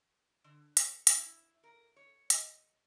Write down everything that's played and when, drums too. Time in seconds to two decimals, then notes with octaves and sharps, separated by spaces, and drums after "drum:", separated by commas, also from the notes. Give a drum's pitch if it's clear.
0.44 D3
0.77 C#5, drum: hi-hat
1.07 drum: hi-hat
1.17 E4
1.64 A#4
1.96 C#5
2.30 D#5, drum: hi-hat